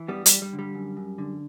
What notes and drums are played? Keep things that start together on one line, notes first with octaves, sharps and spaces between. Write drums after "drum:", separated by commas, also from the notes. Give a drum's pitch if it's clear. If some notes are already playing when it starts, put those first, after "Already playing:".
Already playing: E3
G2 G3 B3
G3, drum: hi-hat
G2
G3
D3
G3
F#2
F#2
D3